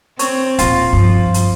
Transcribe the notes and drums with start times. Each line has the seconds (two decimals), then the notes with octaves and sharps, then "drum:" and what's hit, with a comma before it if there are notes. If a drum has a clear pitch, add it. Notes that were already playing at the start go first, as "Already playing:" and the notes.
0.19 C4 C#5, drum: hi-hat
0.59 D#2 A#2 F4, drum: hi-hat
0.93 G2 F3
1.34 drum: hi-hat